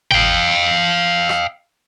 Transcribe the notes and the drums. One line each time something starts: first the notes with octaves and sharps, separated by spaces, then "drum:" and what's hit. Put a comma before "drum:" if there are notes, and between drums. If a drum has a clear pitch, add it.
F5 G5, drum: tom G1
drum: rim click